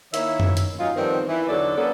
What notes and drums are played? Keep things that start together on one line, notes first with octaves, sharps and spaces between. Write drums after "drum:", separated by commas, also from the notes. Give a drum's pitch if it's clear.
D#3 A#3 E4 C#5 E5, drum: hi-hat
drum: tom F#2
drum: hi-hat
F#3 C#4 D#4 F4
D#3 F3 G3 B3 C4
E3
E2 D3 F#3 D#4 A4 D5
F#3 A#3 B3 C#4 A4 D5